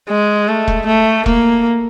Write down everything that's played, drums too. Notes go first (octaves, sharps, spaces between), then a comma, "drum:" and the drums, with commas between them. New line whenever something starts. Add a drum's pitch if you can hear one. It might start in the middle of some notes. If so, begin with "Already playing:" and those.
G#3
A3
drum: kick E1
A3
A#3, drum: kick E1